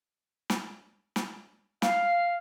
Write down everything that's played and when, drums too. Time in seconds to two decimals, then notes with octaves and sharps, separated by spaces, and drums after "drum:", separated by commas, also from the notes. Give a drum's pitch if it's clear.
0.50 drum: snare
1.16 drum: snare
1.82 F5, drum: snare